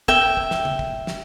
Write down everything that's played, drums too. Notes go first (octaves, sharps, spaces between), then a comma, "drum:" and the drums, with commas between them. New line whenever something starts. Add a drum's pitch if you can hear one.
E5 G5, drum: kick
drum: kick
drum: snare
drum: tom
drum: kick
drum: snare